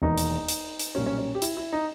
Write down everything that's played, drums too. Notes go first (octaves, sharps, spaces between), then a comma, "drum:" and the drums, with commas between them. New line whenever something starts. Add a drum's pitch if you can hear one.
E1 E2 D#3 A#3 D#4
drum: hi-hat
drum: hi-hat
drum: hi-hat
B1 A#2 G3 A#3 C#4
C#4
C#4
G4
E4, drum: hi-hat
E4
D#4